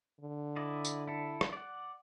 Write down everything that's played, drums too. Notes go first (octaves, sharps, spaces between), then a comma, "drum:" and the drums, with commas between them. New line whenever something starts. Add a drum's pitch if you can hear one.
D3
E4 D5 D#5
drum: tambourine
E4 A4
drum: rim click
D5 F#5